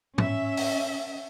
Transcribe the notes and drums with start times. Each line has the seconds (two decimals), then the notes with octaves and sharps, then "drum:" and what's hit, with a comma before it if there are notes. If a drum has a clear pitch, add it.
0.18 C#4 E5, drum: tom
0.57 drum: open hi-hat